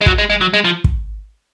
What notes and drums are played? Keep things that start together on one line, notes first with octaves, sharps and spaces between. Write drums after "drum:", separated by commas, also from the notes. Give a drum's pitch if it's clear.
G#3
F#3, drum: kick
G#3
G#3
F#3
G#3
F3
drum: kick